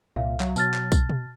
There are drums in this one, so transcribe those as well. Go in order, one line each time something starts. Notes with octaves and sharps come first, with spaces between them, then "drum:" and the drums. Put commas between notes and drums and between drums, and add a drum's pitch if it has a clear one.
C2 A#2 E5 F5
F#3, drum: clap
B2 A5 F6 A6, drum: tambourine
drum: clap
drum: kick B1, tambourine
drum: tom B2